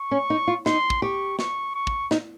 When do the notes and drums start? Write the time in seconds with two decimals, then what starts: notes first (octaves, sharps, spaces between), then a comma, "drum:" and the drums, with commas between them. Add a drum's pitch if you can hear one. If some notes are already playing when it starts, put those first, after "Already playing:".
Already playing: C#6
0.11 C#4
0.30 D#4
0.47 F4
0.66 D#4 C6, drum: snare
0.90 drum: kick
1.02 G4 C#6
1.39 C#6, drum: snare
1.75 C#6
1.87 drum: kick
2.11 D#4, drum: snare